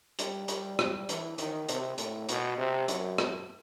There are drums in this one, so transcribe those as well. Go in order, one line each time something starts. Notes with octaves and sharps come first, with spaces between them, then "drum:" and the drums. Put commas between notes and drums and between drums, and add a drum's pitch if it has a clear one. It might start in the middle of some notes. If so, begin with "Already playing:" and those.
G3, drum: hi-hat
G3, drum: hi-hat
G3, drum: rim click
E3, drum: hi-hat
D#3, drum: hi-hat
C3, drum: hi-hat
A2, drum: hi-hat
B2, drum: hi-hat
C3
F#2, drum: hi-hat
drum: rim click